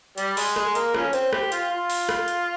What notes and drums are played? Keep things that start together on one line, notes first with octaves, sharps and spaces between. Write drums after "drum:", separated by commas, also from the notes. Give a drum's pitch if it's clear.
G3, drum: hi-hat
G#3, drum: open hi-hat
G#3, drum: rim click
A#3, drum: hi-hat
F3 A#3 C#4, drum: rim click
C4, drum: hi-hat
C4 G4, drum: rim click
F4, drum: hi-hat
F4
drum: open hi-hat
drum: rim click
drum: hi-hat